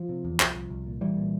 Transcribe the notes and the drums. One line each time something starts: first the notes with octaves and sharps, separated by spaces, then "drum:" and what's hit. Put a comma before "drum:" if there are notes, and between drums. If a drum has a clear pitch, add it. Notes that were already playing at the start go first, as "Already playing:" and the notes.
Already playing: F3
C3
E2
C2, drum: clap
C2
C2
A#2
C2 E3 G3
A#2